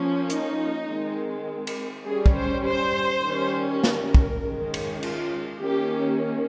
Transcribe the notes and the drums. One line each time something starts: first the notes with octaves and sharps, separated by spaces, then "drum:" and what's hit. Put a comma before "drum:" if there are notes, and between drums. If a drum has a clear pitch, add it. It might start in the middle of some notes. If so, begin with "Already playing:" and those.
Already playing: F3 A#3 C#4
D#4, drum: hi-hat
D#3 G#3 C4
drum: cymbal
G3 C#4 G#4
drum: kick
C5
C5
D#3 G3 C#4
A#4, drum: snare
drum: kick
D#3 G#3 C#4
drum: cymbal
F4, drum: cymbal
D#3 A#3 C#4 G4